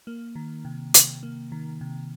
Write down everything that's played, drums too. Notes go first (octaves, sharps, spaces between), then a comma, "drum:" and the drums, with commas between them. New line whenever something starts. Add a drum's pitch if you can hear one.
A#3
D#3
C3
C3, drum: hi-hat
A#3
D#3
C3